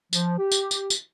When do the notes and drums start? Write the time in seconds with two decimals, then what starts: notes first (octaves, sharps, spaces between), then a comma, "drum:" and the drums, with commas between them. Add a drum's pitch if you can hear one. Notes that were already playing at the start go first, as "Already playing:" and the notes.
0.13 F3, drum: tambourine
0.38 G4
0.52 drum: tambourine
0.71 drum: tambourine
0.90 drum: tambourine